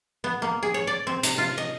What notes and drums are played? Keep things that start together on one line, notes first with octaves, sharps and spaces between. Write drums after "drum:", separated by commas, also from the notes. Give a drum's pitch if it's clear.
B3
A#3
G#4
C#5
D5
C4
C3, drum: hi-hat
F4
D#5